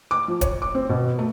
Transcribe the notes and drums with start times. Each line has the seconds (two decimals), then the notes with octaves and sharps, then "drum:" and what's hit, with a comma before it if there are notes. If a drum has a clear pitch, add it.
0.11 D6
0.28 F3
0.41 C#5, drum: kick, hi-hat
0.62 D6
0.75 C4
0.89 B2
1.19 A3